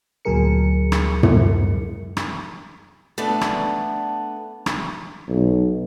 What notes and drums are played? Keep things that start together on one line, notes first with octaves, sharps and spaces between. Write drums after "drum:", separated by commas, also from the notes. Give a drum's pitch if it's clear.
D2 A#2 F#3 G#4 A#4 C#7
drum: rim click
drum: tom
drum: rim click
A3 B3 D4 A4 D5
drum: rim click
drum: rim click
B1